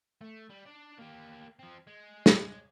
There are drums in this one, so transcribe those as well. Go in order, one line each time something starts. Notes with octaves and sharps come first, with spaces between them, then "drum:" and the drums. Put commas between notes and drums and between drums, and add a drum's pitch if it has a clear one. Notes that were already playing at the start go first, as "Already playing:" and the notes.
A3
G3
D4 D5
A#3 G4
F3 C4
G#3
drum: snare